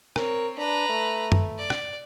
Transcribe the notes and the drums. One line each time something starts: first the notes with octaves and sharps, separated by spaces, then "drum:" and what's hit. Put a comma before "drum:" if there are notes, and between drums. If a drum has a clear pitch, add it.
C4 A#4 C#5, drum: rim click
D4 B4 A#5
A3
drum: tom F#2
D5
drum: rim click